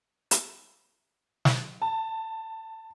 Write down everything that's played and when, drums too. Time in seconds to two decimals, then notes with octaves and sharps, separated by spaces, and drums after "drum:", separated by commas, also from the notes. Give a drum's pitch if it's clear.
0.31 drum: hi-hat
1.45 drum: snare
1.82 A5